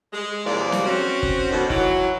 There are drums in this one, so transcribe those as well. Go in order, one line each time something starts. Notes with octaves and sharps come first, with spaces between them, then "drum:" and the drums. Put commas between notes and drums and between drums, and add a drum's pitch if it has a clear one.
G#3
D#2 C3 E3 F3 A#3 D5
drum: snare
C4 C#4 F#4
drum: kick G1
B2 D3 D#3
E3 F#3, drum: kick G1